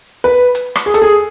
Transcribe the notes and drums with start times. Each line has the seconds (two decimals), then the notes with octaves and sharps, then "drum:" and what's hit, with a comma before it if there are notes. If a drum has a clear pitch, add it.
0.24 B4
0.55 drum: hi-hat
0.76 drum: rim click
0.86 G#4
0.94 A4, drum: hi-hat
1.02 G#4